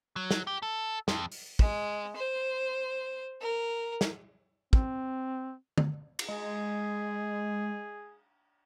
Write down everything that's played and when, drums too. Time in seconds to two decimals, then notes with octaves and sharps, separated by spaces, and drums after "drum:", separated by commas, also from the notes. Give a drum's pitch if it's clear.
0.16 F#3
0.31 drum: snare
0.47 G4
0.62 A4
1.08 F2, drum: snare
1.32 drum: open hi-hat
1.59 G#3, drum: kick
2.16 C5
3.41 A#4
4.01 drum: snare
4.73 C4, drum: kick
5.78 drum: tom D3
6.19 drum: cymbal
6.28 G#3 G#4